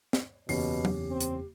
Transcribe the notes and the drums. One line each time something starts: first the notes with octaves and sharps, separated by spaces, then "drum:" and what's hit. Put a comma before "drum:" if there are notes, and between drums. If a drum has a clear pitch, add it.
drum: snare
F#1 E2 B2 C#4 G4 C7, drum: open hi-hat
drum: tom F#3
C4
drum: hi-hat